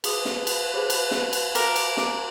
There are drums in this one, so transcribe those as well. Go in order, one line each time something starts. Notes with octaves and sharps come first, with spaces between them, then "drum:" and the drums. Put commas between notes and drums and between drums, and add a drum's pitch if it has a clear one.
G#4 B4 D#6, drum: cymbal
drum: snare
drum: cymbal
G4 G#4 C5
drum: cymbal
drum: snare
drum: cymbal
A#4 D6, drum: cymbal
drum: cymbal
drum: snare